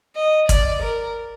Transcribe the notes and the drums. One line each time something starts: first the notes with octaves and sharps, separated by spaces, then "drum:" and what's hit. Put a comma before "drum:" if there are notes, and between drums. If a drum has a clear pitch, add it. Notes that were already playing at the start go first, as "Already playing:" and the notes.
D#5
D5, drum: kick G#1, hi-hat
A#4